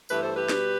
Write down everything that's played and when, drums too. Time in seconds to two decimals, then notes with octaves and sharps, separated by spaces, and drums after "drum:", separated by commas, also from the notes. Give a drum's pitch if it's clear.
0.09 G2 E3 A3 G4 B4, drum: tambourine
0.22 A4 C5
0.36 G4 B4
0.49 B2 G3, drum: snare